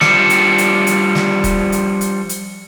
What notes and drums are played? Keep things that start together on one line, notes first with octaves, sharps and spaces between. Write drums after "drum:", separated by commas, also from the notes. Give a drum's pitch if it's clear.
F3 G3 D4 C#7, drum: snare
drum: hi-hat
drum: hi-hat
drum: hi-hat
drum: snare
drum: kick E1, hi-hat
drum: hi-hat
drum: hi-hat
drum: hi-hat